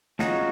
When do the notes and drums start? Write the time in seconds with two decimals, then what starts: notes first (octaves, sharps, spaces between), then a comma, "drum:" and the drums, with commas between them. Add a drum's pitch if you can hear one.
0.19 F3 G#3 C#4 D#4 F#4, drum: snare